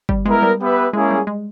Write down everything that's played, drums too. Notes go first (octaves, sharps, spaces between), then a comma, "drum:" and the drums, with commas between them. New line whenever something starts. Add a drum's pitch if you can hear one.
G3, drum: kick
G#3 B3 E4 A#4
G3
B3 G4 B4 E5
G#3 A#3 C#4 E4 G#4
G3
G#3